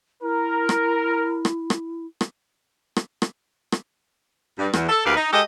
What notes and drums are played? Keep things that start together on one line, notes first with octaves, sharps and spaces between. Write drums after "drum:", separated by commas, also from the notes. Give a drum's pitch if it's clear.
E4 A#4
drum: rim click
drum: rim click
drum: rim click
drum: rim click
drum: rim click
drum: rim click
drum: rim click
G2
E2, drum: rim click
A4
D2 A#3 G4 B4 F5
D#4
G#3 G4 A4 D#5